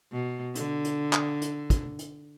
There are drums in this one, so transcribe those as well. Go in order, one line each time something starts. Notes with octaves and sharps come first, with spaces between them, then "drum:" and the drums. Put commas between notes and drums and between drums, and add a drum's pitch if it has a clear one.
B2
D3, drum: hi-hat
drum: hi-hat
drum: clap
drum: hi-hat
drum: kick, hi-hat
drum: hi-hat